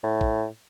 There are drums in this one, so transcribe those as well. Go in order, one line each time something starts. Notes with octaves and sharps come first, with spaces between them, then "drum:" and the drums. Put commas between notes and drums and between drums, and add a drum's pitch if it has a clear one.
A2
drum: kick